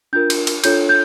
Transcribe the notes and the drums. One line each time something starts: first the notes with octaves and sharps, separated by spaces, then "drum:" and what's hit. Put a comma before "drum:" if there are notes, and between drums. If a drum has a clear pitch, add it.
D4 F4 A#4 G6
drum: cymbal
drum: cymbal
D4 F4 A4 C#5 G6, drum: cymbal
G6